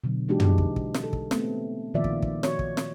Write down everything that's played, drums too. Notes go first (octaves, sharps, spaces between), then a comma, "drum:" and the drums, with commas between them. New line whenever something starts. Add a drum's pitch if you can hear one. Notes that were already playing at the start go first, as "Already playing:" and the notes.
B2 D3 F#3
E3 G#3 D4 D#4 F#4 G4
drum: tom
drum: kick
drum: kick
drum: snare
A4
drum: kick
A3 B3 C4, drum: snare
A#2 D#3 F3 F4 D5 E5
drum: kick
drum: kick
F#4 C#5, drum: snare
drum: kick
drum: snare